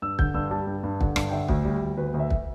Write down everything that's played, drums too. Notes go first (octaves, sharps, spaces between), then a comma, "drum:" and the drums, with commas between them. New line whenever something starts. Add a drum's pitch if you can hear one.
G2 E6
D3 G6, drum: kick
G2 E6
G3 A5
G2
G2
D3, drum: kick
G2, drum: rim click
G5
D3 E5
D2, drum: kick
G3
D2
D2 B4
D2
E5
drum: kick